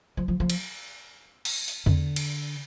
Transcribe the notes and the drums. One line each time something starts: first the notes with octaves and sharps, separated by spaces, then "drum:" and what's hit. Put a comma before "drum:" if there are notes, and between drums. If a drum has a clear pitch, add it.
F3
F3
F3
drum: cymbal
drum: cymbal
drum: open hi-hat
D3, drum: tom E2
drum: cymbal